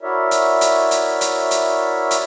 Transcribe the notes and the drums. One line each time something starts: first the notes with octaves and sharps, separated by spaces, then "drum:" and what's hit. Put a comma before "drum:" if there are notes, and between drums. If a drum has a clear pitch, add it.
E4 F#4 A#4 C#5 D5 E5
drum: hi-hat
drum: hi-hat
drum: hi-hat
drum: hi-hat
drum: hi-hat
drum: hi-hat